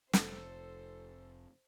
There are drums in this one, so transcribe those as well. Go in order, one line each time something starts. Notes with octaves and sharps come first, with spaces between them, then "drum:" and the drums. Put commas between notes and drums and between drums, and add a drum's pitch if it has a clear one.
F1 A4 C5, drum: snare